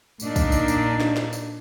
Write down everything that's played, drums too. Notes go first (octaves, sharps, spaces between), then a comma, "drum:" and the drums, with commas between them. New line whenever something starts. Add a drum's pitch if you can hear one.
A#2 D4 D#4, drum: tambourine
drum: kick, tambourine
drum: tambourine
drum: tambourine
drum: snare
drum: snare
drum: tambourine